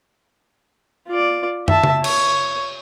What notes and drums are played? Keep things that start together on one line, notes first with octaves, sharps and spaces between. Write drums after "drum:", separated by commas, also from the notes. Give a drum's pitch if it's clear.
F4 D5
E5 A5, drum: tom
drum: tom C#3
C#5, drum: cymbal